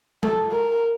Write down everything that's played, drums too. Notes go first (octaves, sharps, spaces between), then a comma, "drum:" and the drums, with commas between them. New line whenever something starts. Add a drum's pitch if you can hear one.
A4, drum: tom G#3
A#4